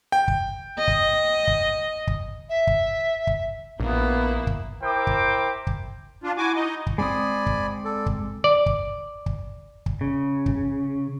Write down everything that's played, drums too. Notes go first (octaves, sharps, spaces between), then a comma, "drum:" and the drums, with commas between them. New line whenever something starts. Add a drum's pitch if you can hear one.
G5
drum: kick
D#5
drum: kick
drum: kick
drum: kick
E5
drum: kick
drum: kick
A#1 A#3 B3 E4
drum: kick
E4 A#4 C5 G5 D6
drum: kick
drum: kick
D4 F4
E4 F#4 G#5 D6
D#4 D#5
drum: kick
G#3 C4 D5 G#5 B5 D#6
drum: kick
A4 D5
drum: kick
D5
drum: kick
drum: kick
drum: kick
C#3
drum: kick